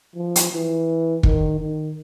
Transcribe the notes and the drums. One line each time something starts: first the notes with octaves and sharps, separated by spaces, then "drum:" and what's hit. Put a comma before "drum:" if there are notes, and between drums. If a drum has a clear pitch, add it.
F3
drum: hi-hat
E3
D#3, drum: kick
D#3